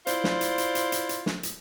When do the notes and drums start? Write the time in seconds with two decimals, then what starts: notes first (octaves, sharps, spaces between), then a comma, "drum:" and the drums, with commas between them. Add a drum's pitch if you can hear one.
0.07 E4 F4 C5 D5, drum: hi-hat
0.24 drum: snare
0.41 drum: hi-hat
0.58 drum: hi-hat
0.75 drum: hi-hat
0.92 drum: hi-hat
1.09 drum: hi-hat
1.26 drum: snare
1.43 drum: hi-hat